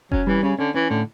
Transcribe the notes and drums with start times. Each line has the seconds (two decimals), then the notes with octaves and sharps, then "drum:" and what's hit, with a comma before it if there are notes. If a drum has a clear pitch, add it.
0.11 F#3 C#4, drum: kick F1
0.27 E3 G3
0.43 C#3 C#4
0.59 D3 C#4
0.74 E3 C#4
0.90 A2 D3